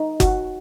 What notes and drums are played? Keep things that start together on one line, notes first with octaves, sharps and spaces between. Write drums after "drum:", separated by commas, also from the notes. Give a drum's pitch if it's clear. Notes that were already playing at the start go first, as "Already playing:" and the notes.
Already playing: D#4
F#4, drum: kick F#1, hi-hat